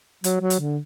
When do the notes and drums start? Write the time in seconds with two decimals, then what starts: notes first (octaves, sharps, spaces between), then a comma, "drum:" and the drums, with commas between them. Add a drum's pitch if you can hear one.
0.24 F#3, drum: hi-hat
0.41 F#3
0.50 drum: hi-hat
0.60 D3